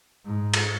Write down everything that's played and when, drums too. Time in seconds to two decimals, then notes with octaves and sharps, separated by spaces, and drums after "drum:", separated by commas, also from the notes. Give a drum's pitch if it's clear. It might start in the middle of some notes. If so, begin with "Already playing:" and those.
0.25 G#2
0.54 drum: cymbal